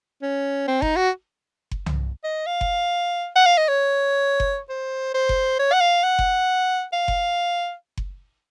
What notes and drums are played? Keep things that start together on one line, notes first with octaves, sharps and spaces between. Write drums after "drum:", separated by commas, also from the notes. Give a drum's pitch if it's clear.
C#4
C4
D#4, drum: kick F#1
F#4
drum: kick F#1
drum: tom C2
D#5
F5
drum: kick F#1
F#5
F5
D#5
C#5
drum: kick F#1
C5
C5
drum: kick F#1
C#5
F#5
F5
F#5
drum: kick F#1
F5
drum: kick F#1
drum: kick F#1